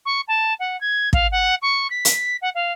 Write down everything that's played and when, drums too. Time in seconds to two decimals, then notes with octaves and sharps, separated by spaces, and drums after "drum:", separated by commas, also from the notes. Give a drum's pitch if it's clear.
0.05 C#6
0.27 A5
0.59 F#5
0.80 G#6
1.13 F5, drum: kick
1.31 F#5
1.62 C#6
1.90 B6
2.05 drum: hi-hat
2.41 F#5
2.54 F5